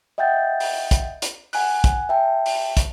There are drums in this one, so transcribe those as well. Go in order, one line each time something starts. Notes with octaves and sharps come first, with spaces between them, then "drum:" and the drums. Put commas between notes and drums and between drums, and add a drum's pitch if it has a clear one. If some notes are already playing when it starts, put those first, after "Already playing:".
D#5 E5 F#5 G5 G6 A6
drum: open hi-hat
drum: kick, hi-hat
drum: hi-hat
F#5 G#5 F#6, drum: open hi-hat
drum: kick, hi-hat
E5 G5 A5
drum: open hi-hat
drum: kick, hi-hat